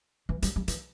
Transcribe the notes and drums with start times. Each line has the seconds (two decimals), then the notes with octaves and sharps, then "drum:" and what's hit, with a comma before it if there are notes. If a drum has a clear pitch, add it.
0.29 E3
0.42 G3, drum: hi-hat
0.56 G3
0.68 E3, drum: hi-hat